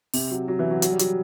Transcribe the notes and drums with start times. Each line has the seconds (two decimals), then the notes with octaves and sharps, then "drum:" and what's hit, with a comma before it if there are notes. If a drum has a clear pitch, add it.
0.14 C3, drum: open hi-hat
0.31 F#3
0.48 F#3
0.59 E3
0.71 F#3
0.82 F#3, drum: hi-hat
0.90 G3
0.99 F#3, drum: hi-hat